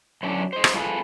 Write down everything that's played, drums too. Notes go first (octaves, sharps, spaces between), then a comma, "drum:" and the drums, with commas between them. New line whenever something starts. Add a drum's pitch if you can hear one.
F#2 D3 E3 F#3 C#4 D4
C5 D#5
drum: rim click
G#3 F4 G#4 A4 B4